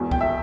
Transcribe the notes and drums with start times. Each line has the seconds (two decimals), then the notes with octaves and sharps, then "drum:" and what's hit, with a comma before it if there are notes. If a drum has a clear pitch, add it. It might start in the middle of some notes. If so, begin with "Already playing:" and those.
Already playing: E1 E2 B2
0.11 G5, drum: kick
0.21 E5